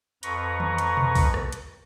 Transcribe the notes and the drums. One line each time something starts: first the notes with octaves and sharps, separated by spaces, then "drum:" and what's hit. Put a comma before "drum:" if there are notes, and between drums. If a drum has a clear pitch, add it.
F2 B4 A#5 C#6, drum: hi-hat
drum: tom
drum: hi-hat
drum: tom B2
drum: kick A#1, open hi-hat
drum: rim click
drum: hi-hat